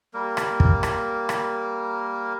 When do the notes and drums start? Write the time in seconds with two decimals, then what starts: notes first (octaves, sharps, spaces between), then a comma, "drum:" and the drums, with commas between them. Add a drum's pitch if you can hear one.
0.14 G3 A#3 A#4
0.37 drum: rim click
0.60 drum: kick
0.83 drum: rim click
1.29 drum: rim click